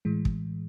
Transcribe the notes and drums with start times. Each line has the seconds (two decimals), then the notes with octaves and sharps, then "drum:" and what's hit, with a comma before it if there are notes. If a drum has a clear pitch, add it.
0.05 A2 E3 G#3
0.25 drum: kick